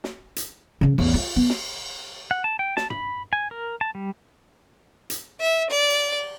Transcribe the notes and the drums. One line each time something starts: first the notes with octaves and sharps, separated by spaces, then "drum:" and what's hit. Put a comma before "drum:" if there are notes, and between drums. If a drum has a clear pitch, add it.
drum: snare
drum: hi-hat
C#3 C#4
A1 E2, drum: cymbal
F4
B3
drum: snare
F#5
A5
G5
A5, drum: snare
B5, drum: tom
G#5
A#4
A5
G3
drum: hi-hat
E5
D5
drum: cymbal